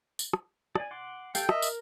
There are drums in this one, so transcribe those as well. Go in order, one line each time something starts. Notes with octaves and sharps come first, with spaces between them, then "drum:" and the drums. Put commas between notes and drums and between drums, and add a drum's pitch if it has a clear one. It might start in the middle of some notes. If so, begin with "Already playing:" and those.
drum: tambourine
drum: rim click
D5 G#5, drum: rim click
F#5 C6 D6
G4 A4 F5 G5, drum: tambourine
A#4 D#5 E5, drum: rim click
drum: tambourine